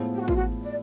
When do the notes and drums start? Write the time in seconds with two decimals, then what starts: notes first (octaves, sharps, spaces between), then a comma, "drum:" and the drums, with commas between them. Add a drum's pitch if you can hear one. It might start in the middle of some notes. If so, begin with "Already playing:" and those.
Already playing: A2 F3 G#3 B3 E4
0.14 G4
0.20 F#4
0.28 F4, drum: kick
0.35 F#4
0.62 D5